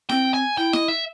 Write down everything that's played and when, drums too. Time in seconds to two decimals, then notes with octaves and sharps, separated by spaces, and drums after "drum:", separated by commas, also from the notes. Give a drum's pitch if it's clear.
0.09 C4 G5, drum: snare E4
0.34 G#5
0.57 E4 G5
0.73 D#5, drum: snare E4
0.88 E5